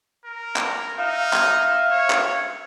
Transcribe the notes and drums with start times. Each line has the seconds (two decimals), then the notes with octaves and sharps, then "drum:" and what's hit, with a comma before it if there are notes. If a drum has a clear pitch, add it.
0.25 A#4
0.56 drum: clap
0.98 D#4 E5 F5
1.33 drum: clap
1.91 C#5
2.10 drum: clap